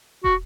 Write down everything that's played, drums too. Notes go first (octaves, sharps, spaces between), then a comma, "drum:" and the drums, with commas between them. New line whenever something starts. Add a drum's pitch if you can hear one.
F#4, drum: kick